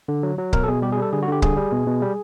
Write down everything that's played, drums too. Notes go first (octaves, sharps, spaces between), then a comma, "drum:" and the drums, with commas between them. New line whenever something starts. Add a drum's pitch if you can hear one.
D3
F#3
F#3
B2 A#4, drum: kick C#1
A4
B2 G#4
G3 G4
G#4
G3 A4
D3 G#4
F#4
D3 G4
G3 G#4, drum: kick C#1
G3
B2
B2
G3